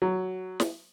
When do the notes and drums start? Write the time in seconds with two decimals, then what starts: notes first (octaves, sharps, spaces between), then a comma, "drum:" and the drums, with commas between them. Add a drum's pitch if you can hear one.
0.02 F#3
0.60 drum: snare